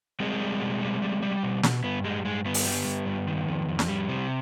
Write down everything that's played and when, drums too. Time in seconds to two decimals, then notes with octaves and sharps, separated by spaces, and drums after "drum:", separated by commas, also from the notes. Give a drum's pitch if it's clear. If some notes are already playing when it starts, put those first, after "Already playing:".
0.20 G3 G#3 C4
0.40 G3
0.61 B2
0.81 G3
1.02 G3
1.22 G3
1.43 B2
1.63 B2, drum: snare
1.84 G2 B3
2.04 G3 G#3
2.25 G2 G#3
2.45 G2 B3
2.54 drum: open hi-hat
2.66 G3
2.86 G2
3.06 G2
3.27 D#3
3.48 F2
3.68 F2
3.79 drum: snare
3.88 G3
4.09 C3